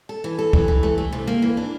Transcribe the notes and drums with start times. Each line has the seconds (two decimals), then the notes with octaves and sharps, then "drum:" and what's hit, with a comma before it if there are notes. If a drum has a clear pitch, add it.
0.09 A4
0.24 E3
0.39 A4
0.53 E3, drum: kick
0.68 E3
0.83 A3
0.98 A3
1.13 C3
1.27 A#3
1.42 E3
1.57 D4